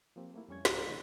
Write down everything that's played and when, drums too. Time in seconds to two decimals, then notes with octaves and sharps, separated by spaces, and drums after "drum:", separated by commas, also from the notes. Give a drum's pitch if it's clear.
0.16 F3 A#3 C4 G4
0.34 A3 A#3 E4
0.48 F2 G3 C#4 C#6 G#6
0.65 C#2 G#2 G4 C5 F5 A#5, drum: snare
0.85 C3 E3 A3 D#4 F4 A4